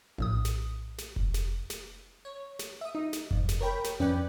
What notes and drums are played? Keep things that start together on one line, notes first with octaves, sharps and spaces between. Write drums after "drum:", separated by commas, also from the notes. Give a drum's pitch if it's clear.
A#1 A2 D#6
drum: snare
drum: snare
drum: kick F1
drum: snare
drum: snare
C#5
drum: snare
E5 D#6
D#4
drum: snare
F2, drum: kick F1
drum: snare
A#4 C#5 G5 B5
drum: snare
F2 C#4 B4 D5 G5 F#6